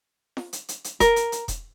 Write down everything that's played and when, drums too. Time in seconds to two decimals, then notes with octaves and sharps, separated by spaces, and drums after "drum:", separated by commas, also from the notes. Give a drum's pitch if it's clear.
0.37 drum: snare
0.53 drum: hi-hat
0.69 drum: hi-hat
0.84 drum: hi-hat
1.00 A#4, drum: kick E1, hi-hat
1.16 drum: hi-hat
1.32 drum: hi-hat
1.48 drum: kick E1, hi-hat